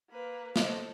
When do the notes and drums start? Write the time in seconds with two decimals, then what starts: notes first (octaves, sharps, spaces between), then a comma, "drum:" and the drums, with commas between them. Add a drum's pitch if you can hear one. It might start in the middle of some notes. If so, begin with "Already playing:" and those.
0.10 A#3 B4
0.56 A4 C5 D#5, drum: snare